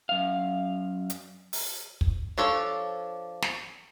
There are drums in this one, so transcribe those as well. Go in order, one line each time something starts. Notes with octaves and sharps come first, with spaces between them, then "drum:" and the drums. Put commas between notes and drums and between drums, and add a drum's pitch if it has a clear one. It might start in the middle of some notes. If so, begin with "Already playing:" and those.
F#2 F5
drum: hi-hat
drum: open hi-hat
drum: kick
F3 D4 A4 C#5
drum: snare